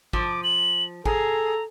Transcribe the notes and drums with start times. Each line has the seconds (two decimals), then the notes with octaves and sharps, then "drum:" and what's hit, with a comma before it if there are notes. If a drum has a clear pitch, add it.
0.13 F3 D6, drum: kick G#1
0.44 F#7
1.06 G#4 A4 A#5, drum: kick G#1